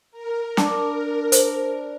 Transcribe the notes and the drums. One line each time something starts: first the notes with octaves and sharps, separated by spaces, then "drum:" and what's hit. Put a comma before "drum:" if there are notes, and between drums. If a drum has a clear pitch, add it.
A#4
D4, drum: snare
C5, drum: hi-hat